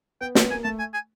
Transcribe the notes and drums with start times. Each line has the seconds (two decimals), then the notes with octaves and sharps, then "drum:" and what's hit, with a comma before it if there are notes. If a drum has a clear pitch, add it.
0.21 B3 G5
0.35 B3 G5, drum: snare
0.50 A#3 G#5
0.64 A3 A5
0.79 G#5
0.94 G#5